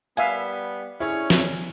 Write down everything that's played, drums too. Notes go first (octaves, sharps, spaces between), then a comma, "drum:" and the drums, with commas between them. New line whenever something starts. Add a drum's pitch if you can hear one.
G3 B3 E5 F5 G#5, drum: hi-hat
D3 C#4 E4 G#4 C#5
drum: snare